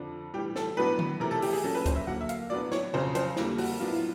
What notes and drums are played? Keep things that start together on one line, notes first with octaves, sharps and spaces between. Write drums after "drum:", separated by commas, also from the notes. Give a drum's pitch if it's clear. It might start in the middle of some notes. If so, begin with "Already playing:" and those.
Already playing: F2 D3 D4
A2 E3 G3 G4
A4, drum: snare
A2 F#3 B3 D4 B4
drum: tom D3
C3 E3 A3 A#4
A4
G4, drum: open hi-hat
G#4
A#2 F#3 A#3 C#4 A4
B4
C5, drum: kick, hi-hat
E5
D3 F#3 A#3 F#5
E5
F5, drum: hi-hat
A2 F#3 B3 D4 D5
C#5, drum: snare
F2 C#3 F#3 C5
C5, drum: hi-hat
F2 D3 G3 A#3, drum: snare
F#4, drum: open hi-hat
A2 F#3 B3 D4 F4
E4
F4